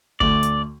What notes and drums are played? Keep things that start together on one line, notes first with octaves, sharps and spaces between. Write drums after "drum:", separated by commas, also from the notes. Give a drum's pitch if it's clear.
D2 A3 D5, drum: kick
drum: hi-hat